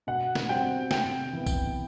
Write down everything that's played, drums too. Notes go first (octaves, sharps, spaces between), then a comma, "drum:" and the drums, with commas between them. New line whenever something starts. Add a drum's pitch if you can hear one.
B2 F#5
drum: snare
G3 C4 G5
C3 G5, drum: snare
E3 B3
drum: kick B1, tambourine